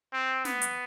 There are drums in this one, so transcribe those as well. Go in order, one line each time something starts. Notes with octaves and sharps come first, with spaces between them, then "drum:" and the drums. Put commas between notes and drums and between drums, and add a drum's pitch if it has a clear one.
C4
B3, drum: snare
drum: hi-hat